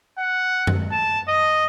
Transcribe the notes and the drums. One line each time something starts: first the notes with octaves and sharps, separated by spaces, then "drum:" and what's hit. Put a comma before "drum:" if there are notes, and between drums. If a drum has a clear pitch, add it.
F#5
drum: tom F#2
A5
D#5